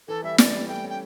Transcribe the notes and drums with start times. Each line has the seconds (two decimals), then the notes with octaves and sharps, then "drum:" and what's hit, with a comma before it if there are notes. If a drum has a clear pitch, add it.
0.08 E3 A4
0.23 G3 E5
0.38 E3 D5, drum: snare
0.53 G3
0.68 A3 G5
0.84 C#4
0.90 G5